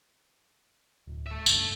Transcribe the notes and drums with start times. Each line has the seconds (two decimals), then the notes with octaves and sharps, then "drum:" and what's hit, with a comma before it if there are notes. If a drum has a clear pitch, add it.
1.07 D1
1.27 A4 E5
1.46 G1 C#2 G2, drum: tambourine